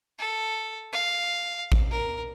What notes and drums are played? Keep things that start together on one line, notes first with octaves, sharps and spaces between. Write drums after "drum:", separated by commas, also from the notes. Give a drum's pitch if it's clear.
A4
F5
drum: kick A1
A#4